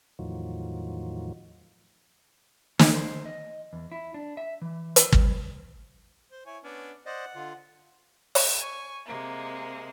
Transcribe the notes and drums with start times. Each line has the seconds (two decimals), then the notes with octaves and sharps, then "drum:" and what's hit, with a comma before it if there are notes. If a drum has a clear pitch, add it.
0.19 E2 A2 D#3 F3 F#3
2.79 E3, drum: snare
2.94 C5
3.26 D#5
3.73 E2
3.92 E4
4.14 D4
4.37 E5
4.62 E3
4.96 drum: hi-hat
5.12 G3, drum: kick
6.32 C5
6.46 E4 C#5 G#5
6.64 B3 C#4 D4
7.06 C5 D5 D#5 F#5
7.35 D3 F4
8.35 drum: open hi-hat
8.57 G#5 C#6
9.05 C3 G#3 A#3